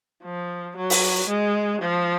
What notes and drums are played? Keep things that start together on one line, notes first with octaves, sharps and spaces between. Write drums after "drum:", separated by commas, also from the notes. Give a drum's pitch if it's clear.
F3
F#3
drum: open hi-hat
G#3
F3